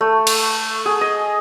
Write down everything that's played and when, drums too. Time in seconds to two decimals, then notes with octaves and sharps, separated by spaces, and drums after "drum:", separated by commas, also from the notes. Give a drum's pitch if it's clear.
0.01 A3
0.27 drum: cymbal
0.86 G#4
1.01 D#5